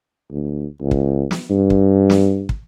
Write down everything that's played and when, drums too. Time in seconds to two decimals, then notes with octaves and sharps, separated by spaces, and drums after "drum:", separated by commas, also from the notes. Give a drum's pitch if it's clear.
0.32 D2
0.81 C#2
0.91 drum: kick
1.31 drum: snare
1.50 G2
1.70 drum: kick
2.10 drum: snare
2.49 drum: kick